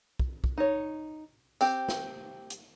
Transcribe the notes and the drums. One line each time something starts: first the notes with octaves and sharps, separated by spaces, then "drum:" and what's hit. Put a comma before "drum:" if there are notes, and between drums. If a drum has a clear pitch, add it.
drum: kick
drum: kick
D#4 C#5
C4 G4, drum: tambourine
drum: snare
drum: hi-hat